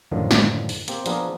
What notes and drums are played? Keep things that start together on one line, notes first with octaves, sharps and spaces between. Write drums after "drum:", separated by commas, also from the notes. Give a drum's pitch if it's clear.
F#2 A2 D3 D#3 F3
drum: snare
drum: open hi-hat
A#3 C4 G4, drum: hi-hat
F3 B3 D4 G#4 A#4, drum: hi-hat